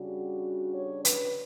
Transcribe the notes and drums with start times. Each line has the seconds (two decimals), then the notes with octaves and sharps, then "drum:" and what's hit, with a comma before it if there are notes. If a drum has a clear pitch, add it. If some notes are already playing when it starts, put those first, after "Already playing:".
Already playing: C#3 G3 D4 F#4
0.74 C#5
1.05 B4, drum: hi-hat